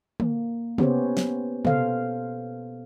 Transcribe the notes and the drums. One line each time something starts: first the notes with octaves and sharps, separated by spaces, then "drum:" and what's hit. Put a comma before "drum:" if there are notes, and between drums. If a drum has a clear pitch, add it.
A#3, drum: tom D3
B3 C#4 G4 C5 C#5, drum: tom
drum: snare
B2 B3 A4 C5 F5, drum: tom